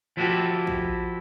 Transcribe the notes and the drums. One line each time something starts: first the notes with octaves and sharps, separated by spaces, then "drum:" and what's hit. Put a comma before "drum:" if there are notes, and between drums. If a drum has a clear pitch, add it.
F3 E4 F#4 G4 A4
drum: kick A#1